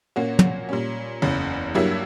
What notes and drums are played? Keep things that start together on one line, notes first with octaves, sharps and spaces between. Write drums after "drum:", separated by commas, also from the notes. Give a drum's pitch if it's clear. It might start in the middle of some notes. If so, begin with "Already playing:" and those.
A#2 A#3 C#4 F#4
drum: tom
A#2 G3 C#4
F#1 E2 C#3
G2 F#3 A#3 E4 G4